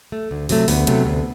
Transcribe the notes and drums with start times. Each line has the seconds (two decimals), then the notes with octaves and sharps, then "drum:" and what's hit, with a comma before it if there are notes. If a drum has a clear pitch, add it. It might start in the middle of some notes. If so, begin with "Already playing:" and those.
0.12 A3
0.31 D2
0.49 C3 F#3 A3, drum: open hi-hat
0.68 D2 B3, drum: open hi-hat
0.87 C3 F#3 A3, drum: hi-hat
1.06 D2